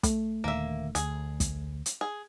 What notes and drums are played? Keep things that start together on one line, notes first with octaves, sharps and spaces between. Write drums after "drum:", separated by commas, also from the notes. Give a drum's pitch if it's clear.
A3, drum: kick, hi-hat
D#1 D#2 D3 A#3 E5
D2 G#4, drum: hi-hat
drum: kick, hi-hat
drum: hi-hat
G#4